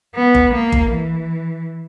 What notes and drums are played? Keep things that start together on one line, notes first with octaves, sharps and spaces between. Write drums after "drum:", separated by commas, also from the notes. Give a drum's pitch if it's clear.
B3
drum: kick G1
A#3
drum: kick G1
E3